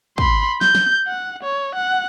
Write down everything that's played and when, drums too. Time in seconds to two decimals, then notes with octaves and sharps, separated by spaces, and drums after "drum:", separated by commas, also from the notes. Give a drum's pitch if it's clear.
0.18 B5 C6, drum: kick
0.61 G6, drum: snare
0.75 drum: snare
1.07 F#5
1.43 C#5
1.75 F#5